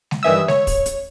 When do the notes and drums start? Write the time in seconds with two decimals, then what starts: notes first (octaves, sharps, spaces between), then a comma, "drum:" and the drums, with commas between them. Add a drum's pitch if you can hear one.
0.11 drum: snare
0.23 G2 D#3 E3 E5 D#6 E6
0.48 C#5, drum: snare
0.67 drum: kick, open hi-hat
0.86 drum: hi-hat